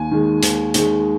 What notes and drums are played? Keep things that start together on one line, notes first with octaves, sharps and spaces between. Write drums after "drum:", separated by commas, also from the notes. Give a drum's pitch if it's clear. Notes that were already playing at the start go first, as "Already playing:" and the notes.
Already playing: D#2 G#5
D#3 G#3
D#2, drum: hi-hat
D#3 G#3, drum: hi-hat